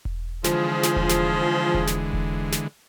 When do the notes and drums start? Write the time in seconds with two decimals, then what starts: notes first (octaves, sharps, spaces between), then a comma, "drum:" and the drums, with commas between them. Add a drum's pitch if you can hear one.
0.05 drum: kick E1
0.44 D3 E3 F3 G#3 G#4, drum: snare
0.83 drum: snare
0.96 drum: kick E1
1.09 drum: snare
1.74 drum: kick E1
1.87 drum: snare
2.13 drum: kick E1
2.52 drum: snare